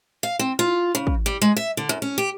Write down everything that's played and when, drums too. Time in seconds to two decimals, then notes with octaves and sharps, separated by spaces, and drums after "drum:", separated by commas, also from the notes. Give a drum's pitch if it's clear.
0.23 F5
0.39 C4
0.59 F4
0.95 C#3
1.07 drum: kick
1.26 G3
1.42 G#3
1.57 E5
1.77 D3
1.89 F#2
2.02 C#4
2.18 G4